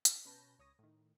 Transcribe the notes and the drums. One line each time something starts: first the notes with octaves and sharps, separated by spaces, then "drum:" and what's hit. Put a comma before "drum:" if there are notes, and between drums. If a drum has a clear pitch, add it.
drum: hi-hat
B2 C#4 B4 A5 G6 A#6
C#2 C#5 D#6 A#6
A2 D#3